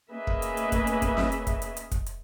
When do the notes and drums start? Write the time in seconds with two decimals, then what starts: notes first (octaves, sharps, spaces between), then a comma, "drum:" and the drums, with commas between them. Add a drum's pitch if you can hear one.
0.12 A#3 C#4 G#4 B4 D#5 E5
0.27 drum: kick
0.42 drum: hi-hat
0.57 drum: hi-hat
0.72 drum: kick, hi-hat
0.87 drum: hi-hat
1.02 drum: kick, hi-hat
1.17 drum: snare
1.32 drum: hi-hat
1.47 drum: kick, hi-hat
1.62 drum: hi-hat
1.77 drum: hi-hat
1.92 drum: kick, hi-hat
2.06 drum: hi-hat